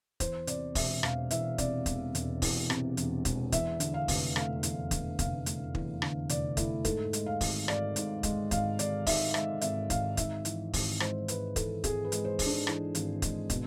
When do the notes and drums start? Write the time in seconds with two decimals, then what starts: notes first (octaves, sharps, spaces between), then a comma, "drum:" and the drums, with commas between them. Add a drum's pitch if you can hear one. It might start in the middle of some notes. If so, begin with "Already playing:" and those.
0.20 E2 C5, drum: kick, hi-hat
0.47 C3 D5, drum: hi-hat
0.75 E1 E5, drum: kick, open hi-hat
1.03 E1 F5, drum: rim click
1.31 E2 E5, drum: hi-hat
1.58 C3 D5, drum: kick, hi-hat
1.86 E1, drum: kick, hi-hat
2.15 E1, drum: hi-hat
2.42 E2, drum: kick, open hi-hat
2.70 C3, drum: rim click
2.97 E1, drum: hi-hat
3.25 E1, drum: kick, hi-hat
3.52 E2 E5, drum: kick, hi-hat
3.80 D3, drum: hi-hat
3.94 F5
4.08 F1, drum: kick, open hi-hat
4.36 A3 F5, drum: rim click
4.63 E2, drum: hi-hat
4.91 D3, drum: kick, hi-hat
5.19 F1 F5, drum: kick, hi-hat
5.46 A3, drum: hi-hat
5.75 E2, drum: kick
6.02 D3, drum: rim click
6.29 F1 D5, drum: hi-hat
6.57 A3 E4, drum: kick, hi-hat
6.85 G#2 A4, drum: kick, hi-hat
7.13 G#3, drum: hi-hat
7.26 F5
7.41 G#1, drum: kick, open hi-hat
7.68 G#1 D5, drum: rim click
7.96 G#2, drum: hi-hat
8.23 G#3, drum: kick, hi-hat
8.51 G#1 F5, drum: kick, hi-hat
8.79 G#1 D5, drum: hi-hat
9.06 G#2 E5, drum: kick, open hi-hat
9.34 G#3 E5, drum: rim click
9.61 G#1 E5, drum: hi-hat
9.90 G#1 F5, drum: kick, hi-hat
10.17 G#2 E5, drum: kick, hi-hat
10.45 E3, drum: hi-hat
10.73 G#1, drum: kick, open hi-hat
11.00 G#3 C5, drum: rim click
11.28 G#2 B4, drum: hi-hat
11.56 E3 A4, drum: kick, hi-hat
11.84 G#1 G#4, drum: kick, hi-hat
12.05 B4
12.12 G#3, drum: hi-hat
12.25 C5
12.39 G#2, drum: kick, open hi-hat
12.46 D4
12.67 E3, drum: rim click
12.95 G#1, drum: hi-hat
13.22 G#3, drum: kick, hi-hat
13.50 B2, drum: kick, hi-hat